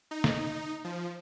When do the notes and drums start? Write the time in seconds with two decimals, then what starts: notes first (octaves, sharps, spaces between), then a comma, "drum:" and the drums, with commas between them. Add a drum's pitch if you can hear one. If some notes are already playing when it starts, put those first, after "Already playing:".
0.11 D#4
0.24 drum: snare
0.84 F3